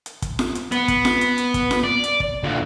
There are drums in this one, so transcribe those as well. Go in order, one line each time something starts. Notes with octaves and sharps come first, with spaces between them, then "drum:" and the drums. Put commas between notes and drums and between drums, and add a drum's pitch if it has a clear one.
drum: hi-hat
drum: kick, hi-hat
drum: snare F4
drum: hi-hat
B3, drum: hi-hat
drum: kick, hi-hat
drum: snare F4
drum: hi-hat
drum: hi-hat
drum: kick, hi-hat
drum: snare F4
D5
drum: hi-hat
drum: kick
D2 A#2